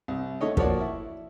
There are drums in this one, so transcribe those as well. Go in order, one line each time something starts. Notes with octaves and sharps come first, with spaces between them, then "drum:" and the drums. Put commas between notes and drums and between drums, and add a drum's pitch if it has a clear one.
C2
D3 A3 C#5 D#5
F3 A#3 F#4 C#5 D5, drum: kick
E4